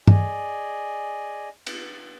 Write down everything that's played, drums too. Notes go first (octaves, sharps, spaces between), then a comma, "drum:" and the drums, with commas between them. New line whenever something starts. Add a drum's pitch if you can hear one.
G#4 D5 D#5 G#5, drum: tom G2
drum: cymbal